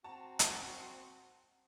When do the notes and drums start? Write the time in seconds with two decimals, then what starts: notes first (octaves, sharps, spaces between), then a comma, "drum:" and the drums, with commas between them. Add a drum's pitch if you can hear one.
0.04 C4 F#4 A5 A#5
0.39 drum: hi-hat